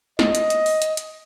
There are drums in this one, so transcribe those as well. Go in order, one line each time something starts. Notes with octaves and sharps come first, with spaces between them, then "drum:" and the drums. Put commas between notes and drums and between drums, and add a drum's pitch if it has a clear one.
D#5, drum: snare
drum: hi-hat
drum: hi-hat
drum: open hi-hat
drum: hi-hat
drum: hi-hat